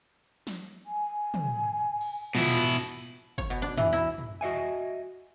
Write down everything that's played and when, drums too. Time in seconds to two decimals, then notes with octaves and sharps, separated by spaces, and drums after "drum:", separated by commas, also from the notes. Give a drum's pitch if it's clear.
0.47 drum: snare
0.86 G#5
1.34 drum: tom
2.01 drum: cymbal
2.35 B2 E4 F4, drum: tom
3.38 C#5, drum: kick
3.50 B2
3.62 D4
3.77 E3, drum: tom
3.93 E4
4.18 drum: tom
4.41 F#4 D#5 E5 G#5